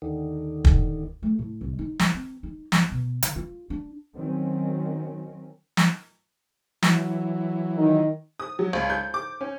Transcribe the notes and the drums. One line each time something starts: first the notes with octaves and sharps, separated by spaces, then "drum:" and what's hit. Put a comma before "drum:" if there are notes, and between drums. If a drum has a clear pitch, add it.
D#2 D3 D#3
drum: kick
A3
A2
C2
D#4
E3, drum: snare
C4
D#4
G1, drum: snare
B2
D3, drum: hi-hat
F4
D4
D#3 F#3 C4 C#4
drum: snare
E3 F#3, drum: snare
D#3 D#4
D#6
F#3
C#2
G6
D6
C#4